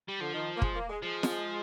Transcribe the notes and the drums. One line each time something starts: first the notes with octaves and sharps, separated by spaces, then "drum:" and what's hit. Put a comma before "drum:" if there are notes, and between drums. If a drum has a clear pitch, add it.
G3
D3 F3
D#3
A#3
G#3, drum: kick
A#3
G#3
F3 G#3
drum: snare